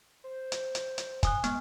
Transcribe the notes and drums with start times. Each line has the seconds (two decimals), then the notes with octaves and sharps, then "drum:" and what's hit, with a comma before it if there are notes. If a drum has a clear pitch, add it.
0.24 C5
0.52 drum: hi-hat
0.75 drum: hi-hat
0.98 drum: hi-hat
1.23 G#5 D#6 F#6, drum: kick, hi-hat
1.44 G#3 B3, drum: hi-hat